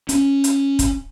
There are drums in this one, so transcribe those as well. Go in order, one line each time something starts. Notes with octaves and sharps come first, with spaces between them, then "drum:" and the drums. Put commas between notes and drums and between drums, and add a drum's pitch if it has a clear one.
C#4, drum: hi-hat
drum: hi-hat
drum: kick, hi-hat